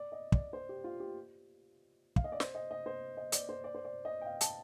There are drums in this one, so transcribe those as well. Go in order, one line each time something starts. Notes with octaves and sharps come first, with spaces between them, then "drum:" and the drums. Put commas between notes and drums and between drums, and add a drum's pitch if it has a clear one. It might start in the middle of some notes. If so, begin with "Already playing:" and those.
Already playing: D5
D#5
D5, drum: kick
C5
G4
F4
G4
F5, drum: kick
D#5
D5
C5, drum: snare
D#5
D#5
C5
D#5
D5, drum: hi-hat
C5
D5
C5
D5
D#5
G5
F5
A5, drum: hi-hat